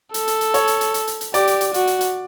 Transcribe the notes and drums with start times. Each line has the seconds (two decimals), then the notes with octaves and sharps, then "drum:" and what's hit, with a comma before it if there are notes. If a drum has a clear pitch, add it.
0.14 A4, drum: hi-hat
0.28 drum: hi-hat
0.41 drum: hi-hat
0.54 C#5, drum: hi-hat
0.68 drum: hi-hat
0.81 drum: hi-hat
0.94 drum: hi-hat
1.07 drum: hi-hat
1.21 drum: hi-hat
1.34 G4 D5, drum: hi-hat
1.47 drum: hi-hat
1.61 drum: hi-hat
1.74 F#4, drum: hi-hat
1.87 drum: hi-hat
2.01 drum: hi-hat